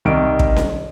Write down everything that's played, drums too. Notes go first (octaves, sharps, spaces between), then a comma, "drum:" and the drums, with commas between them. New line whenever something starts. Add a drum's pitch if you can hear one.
C2 D#3 D7
drum: kick
drum: snare C#4